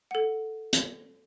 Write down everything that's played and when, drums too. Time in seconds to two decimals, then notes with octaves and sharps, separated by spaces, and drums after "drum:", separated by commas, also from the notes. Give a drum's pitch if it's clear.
0.11 A4 F#5
0.73 drum: hi-hat